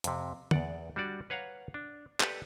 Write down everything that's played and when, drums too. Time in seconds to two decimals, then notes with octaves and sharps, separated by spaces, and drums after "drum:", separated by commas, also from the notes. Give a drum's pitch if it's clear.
0.04 F2 C3, drum: hi-hat
0.51 E2 D5 F#5, drum: tom D3
0.96 G3 D4 F#4 D5
1.30 B4 C#5 F5 F#5 A#5
1.74 D4
2.20 G4 A4 B4 D5, drum: clap